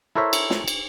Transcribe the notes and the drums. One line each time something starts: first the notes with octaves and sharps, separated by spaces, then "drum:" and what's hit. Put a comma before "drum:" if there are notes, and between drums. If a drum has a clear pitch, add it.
E4 A4 A#4 C5 C#5 E5
drum: cymbal
drum: snare
drum: cymbal